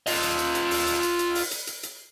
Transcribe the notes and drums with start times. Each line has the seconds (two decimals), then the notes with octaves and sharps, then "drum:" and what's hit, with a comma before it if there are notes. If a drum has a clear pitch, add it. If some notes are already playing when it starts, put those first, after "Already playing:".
0.07 F4 D#5, drum: open hi-hat
0.23 drum: hi-hat
0.39 drum: hi-hat
0.55 drum: hi-hat
0.71 drum: open hi-hat
0.87 drum: hi-hat
1.03 drum: hi-hat
1.19 drum: hi-hat
1.35 drum: open hi-hat
1.51 drum: hi-hat
1.67 drum: hi-hat
1.83 drum: hi-hat